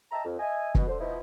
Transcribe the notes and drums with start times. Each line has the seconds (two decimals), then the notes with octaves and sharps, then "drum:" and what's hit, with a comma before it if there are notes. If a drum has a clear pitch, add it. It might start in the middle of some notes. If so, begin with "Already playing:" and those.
0.11 D#5 E5 G5 A5 A#5
0.25 F2
0.39 D#5 E5 G#5
0.75 B2, drum: kick
0.87 D3 C5
1.00 B2 F3 D#4 E4